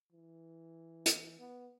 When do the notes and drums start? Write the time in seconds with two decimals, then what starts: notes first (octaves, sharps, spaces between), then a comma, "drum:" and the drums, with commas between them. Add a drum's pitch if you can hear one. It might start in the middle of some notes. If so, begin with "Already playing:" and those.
0.13 E3
1.06 drum: hi-hat
1.39 B3